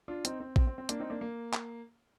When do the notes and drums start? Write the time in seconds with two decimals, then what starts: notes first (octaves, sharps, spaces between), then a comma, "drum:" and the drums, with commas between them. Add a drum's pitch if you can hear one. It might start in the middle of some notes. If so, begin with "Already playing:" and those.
0.08 D4 F4
0.25 C4 D#4, drum: hi-hat
0.40 C4
0.56 C4, drum: kick A#1
0.67 C4
0.78 C4
0.89 A#3 D4, drum: hi-hat
1.00 C4 D#4
1.10 A#3 D4
1.21 A#3
1.53 drum: clap